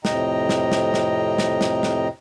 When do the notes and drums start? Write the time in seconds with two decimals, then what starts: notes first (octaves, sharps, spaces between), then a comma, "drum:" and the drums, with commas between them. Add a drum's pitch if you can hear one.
0.05 F2 A2 C3 D#5 G5 A#5, drum: snare
0.49 drum: snare
0.72 drum: snare
0.94 drum: snare
1.38 drum: snare
1.61 drum: snare
1.83 drum: snare